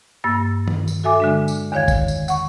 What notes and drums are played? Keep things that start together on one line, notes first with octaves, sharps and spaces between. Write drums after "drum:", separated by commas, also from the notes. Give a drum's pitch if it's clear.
G2 A#3 E6 A6
drum: tom D#3
drum: tambourine
F#4 A4 E5 G#5 D6
D3 G#3 D4
drum: tambourine
E2 D3 D#3 C#5 F5 G#6
drum: kick, tambourine
drum: tambourine
F#5 C#6, drum: tambourine